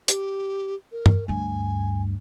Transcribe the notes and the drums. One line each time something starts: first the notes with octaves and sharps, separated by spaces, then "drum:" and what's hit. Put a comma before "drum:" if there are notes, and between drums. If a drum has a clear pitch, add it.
G4, drum: hi-hat
A#4
drum: tom G2
D2 G2 G#5